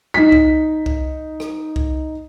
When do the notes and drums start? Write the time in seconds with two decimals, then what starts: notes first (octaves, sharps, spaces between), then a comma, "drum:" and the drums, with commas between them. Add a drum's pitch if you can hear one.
0.14 D#4 B6
0.32 drum: kick C2
0.86 drum: kick C2
1.40 drum: rim click
1.76 drum: kick C2